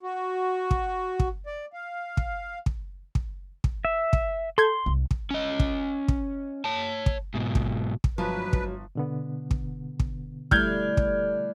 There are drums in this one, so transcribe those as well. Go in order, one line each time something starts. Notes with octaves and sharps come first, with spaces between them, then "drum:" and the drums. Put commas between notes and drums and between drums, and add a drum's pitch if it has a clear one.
F#4
drum: kick
drum: kick
D5
F5
drum: kick
drum: kick
drum: kick
drum: kick
E5
drum: kick
A4 C6 G6 G#6
C2
drum: kick
C#4 D#5
drum: kick
drum: kick
C#5 A5
drum: kick
G#2 B2
drum: kick
drum: kick
G1 G#2 F3 F#3 B4
drum: kick
B2 D3 B3
drum: kick
drum: kick
G3 A3 D4 E4 D5 F6 G6 G#6, drum: kick
drum: kick